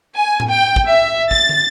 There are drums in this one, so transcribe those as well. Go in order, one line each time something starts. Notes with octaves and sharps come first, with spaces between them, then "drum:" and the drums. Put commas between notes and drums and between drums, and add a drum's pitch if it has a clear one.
G#5
drum: tom A2
G5
drum: kick
E5
A6, drum: kick
drum: tom